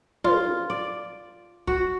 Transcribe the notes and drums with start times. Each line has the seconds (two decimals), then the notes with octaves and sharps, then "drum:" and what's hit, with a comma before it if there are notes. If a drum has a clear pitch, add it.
0.24 F4, drum: tom
0.70 D5
1.67 F#4, drum: kick